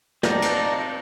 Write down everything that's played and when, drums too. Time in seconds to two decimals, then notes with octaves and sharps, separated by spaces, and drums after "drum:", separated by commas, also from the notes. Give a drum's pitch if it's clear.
0.23 C4 D#4 D5 A5 A#5, drum: snare
0.42 drum: cymbal